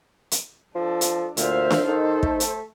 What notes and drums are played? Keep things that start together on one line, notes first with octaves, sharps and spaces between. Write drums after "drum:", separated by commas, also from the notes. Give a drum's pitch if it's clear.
drum: hi-hat
F3 D4 A4
drum: hi-hat
D2 A#2 C5 E5 F5, drum: hi-hat
drum: snare D4
D#3 D#4 A4
A3, drum: kick
drum: hi-hat